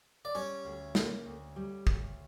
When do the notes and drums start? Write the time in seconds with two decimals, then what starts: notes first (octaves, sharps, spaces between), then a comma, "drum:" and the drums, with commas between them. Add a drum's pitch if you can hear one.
0.25 D5
0.35 G3 C#4 C#5
0.65 D2
0.95 A#3, drum: snare
1.25 D2
1.56 G3
1.87 D2, drum: kick